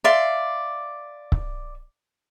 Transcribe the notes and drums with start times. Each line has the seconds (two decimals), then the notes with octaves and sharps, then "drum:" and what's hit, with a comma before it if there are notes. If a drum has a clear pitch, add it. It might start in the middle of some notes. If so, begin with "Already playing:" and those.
0.04 D5 E5 F5 C6
1.32 drum: kick C#1